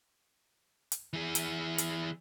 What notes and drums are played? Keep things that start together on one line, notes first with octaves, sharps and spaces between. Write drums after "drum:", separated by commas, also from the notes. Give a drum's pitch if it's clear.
drum: hi-hat
E3 G#4
drum: hi-hat
drum: hi-hat